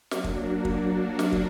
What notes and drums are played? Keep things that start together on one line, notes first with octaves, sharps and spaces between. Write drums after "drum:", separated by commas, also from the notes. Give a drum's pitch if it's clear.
F#3 A#3 D4 F#4, drum: snare
drum: kick
drum: kick
drum: snare
drum: kick